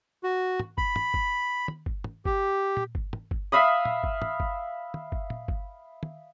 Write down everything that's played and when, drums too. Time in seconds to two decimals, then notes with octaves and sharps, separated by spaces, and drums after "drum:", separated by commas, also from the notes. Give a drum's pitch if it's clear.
0.23 F#4
0.60 drum: tom
0.78 B5, drum: kick G1
0.96 drum: tom
1.14 drum: kick G1
1.68 drum: tom
1.86 drum: kick G1
2.04 drum: tom
2.25 G4, drum: kick G1
2.77 drum: tom A#2
2.95 drum: kick G1
3.13 drum: tom
3.31 drum: kick G1
3.52 E5 F5 B5 D#6
3.85 drum: tom A#2
4.04 drum: kick G1
4.22 drum: tom
4.40 drum: kick G1
4.94 drum: tom
5.12 drum: kick G1
5.30 drum: tom A#2
5.48 drum: kick G1
6.03 drum: tom